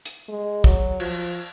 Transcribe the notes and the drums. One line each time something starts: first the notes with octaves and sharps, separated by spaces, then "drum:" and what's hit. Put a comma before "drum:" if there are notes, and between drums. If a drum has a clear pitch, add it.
drum: hi-hat
G#3
F#3, drum: kick
F3, drum: cymbal